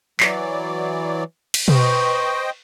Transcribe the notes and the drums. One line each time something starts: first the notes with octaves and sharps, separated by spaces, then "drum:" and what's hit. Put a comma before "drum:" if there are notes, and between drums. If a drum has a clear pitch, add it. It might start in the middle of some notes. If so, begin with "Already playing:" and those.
E3 F#3 D5, drum: clap
drum: cymbal
B4 C5 D#5 G5 C#6, drum: tom B2